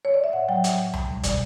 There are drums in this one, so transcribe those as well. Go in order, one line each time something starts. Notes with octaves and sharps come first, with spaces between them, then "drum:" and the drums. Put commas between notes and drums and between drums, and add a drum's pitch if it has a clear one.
C#5
D5
E5
A2 F#5
F#3 G5
A2, drum: hi-hat
F#3
B2, drum: tom C#2
G3
B2 D5, drum: kick, hi-hat